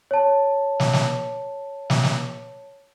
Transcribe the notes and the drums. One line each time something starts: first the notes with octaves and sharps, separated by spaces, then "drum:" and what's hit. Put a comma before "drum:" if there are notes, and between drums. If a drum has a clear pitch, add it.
C#5 A5
drum: snare
drum: snare
drum: snare
drum: snare